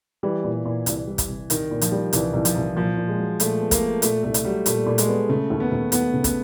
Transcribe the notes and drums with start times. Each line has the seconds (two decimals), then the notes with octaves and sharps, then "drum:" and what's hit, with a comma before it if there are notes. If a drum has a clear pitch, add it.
0.23 E3 G3
0.44 A#2
0.65 A#2
0.86 C2, drum: hi-hat
1.07 G3
1.18 drum: kick, hi-hat
1.29 C2
1.50 C2 D#3, drum: hi-hat
1.71 A#2
1.81 F3, drum: hi-hat
1.92 G3
2.13 C2 E3, drum: hi-hat
2.33 C2
2.45 F3, drum: hi-hat
2.55 C2
2.76 A#2 F3
2.97 A#2
3.07 G#3
3.18 F#3
3.40 A#2 A3, drum: hi-hat
3.61 B3
3.71 A#3, drum: kick, hi-hat
3.81 B3
4.02 A#2 A3, drum: hi-hat
4.23 C2 A3
4.34 drum: hi-hat
4.44 F#3 G3
4.66 A#2 A3, drum: hi-hat
4.86 A#2
4.98 G#3, drum: hi-hat
5.08 B3
5.29 C#3 A3
5.50 D#2
5.60 B3
5.72 D#2
5.92 D#2 B3, drum: hi-hat
6.13 C#3
6.24 B3, drum: kick, hi-hat